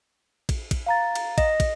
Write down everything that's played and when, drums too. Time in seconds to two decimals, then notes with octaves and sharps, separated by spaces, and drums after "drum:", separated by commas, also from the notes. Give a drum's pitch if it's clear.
0.49 drum: kick, cymbal
0.71 drum: kick, cymbal
0.86 F5 A#5 A6
1.15 drum: cymbal
1.38 D#5, drum: kick, cymbal
1.60 drum: kick, cymbal